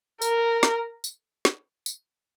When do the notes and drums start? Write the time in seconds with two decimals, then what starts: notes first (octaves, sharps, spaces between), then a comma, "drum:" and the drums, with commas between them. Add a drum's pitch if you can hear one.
0.22 A#4, drum: tambourine
0.63 drum: snare
1.04 drum: tambourine
1.45 drum: snare
1.86 drum: tambourine